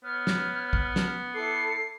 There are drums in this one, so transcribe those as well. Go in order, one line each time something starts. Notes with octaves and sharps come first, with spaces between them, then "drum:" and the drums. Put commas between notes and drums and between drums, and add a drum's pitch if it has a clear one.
B3 C#5 F6
drum: snare
drum: kick
drum: snare
E4 A4 D6 C7